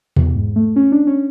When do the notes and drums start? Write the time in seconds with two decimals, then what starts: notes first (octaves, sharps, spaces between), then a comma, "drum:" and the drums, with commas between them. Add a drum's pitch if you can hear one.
0.16 E2, drum: tom B2
0.35 G#2
0.56 A3
0.76 C#4
0.92 D4
1.07 C#4